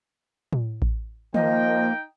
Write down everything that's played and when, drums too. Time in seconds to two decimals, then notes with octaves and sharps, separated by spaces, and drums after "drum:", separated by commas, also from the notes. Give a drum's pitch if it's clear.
0.53 drum: tom A2
0.82 drum: kick A1
1.34 F3 A#3 D#4 D#5 G5, drum: tom D#3